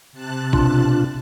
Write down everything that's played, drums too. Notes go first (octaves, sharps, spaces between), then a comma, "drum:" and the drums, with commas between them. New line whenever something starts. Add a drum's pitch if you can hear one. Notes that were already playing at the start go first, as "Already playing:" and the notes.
C3 A5 F#6
B2 D4 F4, drum: kick A1